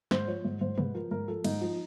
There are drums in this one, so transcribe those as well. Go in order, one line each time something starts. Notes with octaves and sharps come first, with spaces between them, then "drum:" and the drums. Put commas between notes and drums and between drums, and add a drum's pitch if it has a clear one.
G#2 C5, drum: snare
F3 C#5
G#2
G#2 C5
G#2 B4, drum: tom
F3 A#4
G#2 A#4
F3 A4
G#2 D#4, drum: cymbal
F3